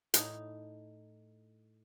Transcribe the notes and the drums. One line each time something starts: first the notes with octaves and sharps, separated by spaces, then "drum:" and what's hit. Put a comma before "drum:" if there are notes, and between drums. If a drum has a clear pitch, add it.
A2 D#4, drum: hi-hat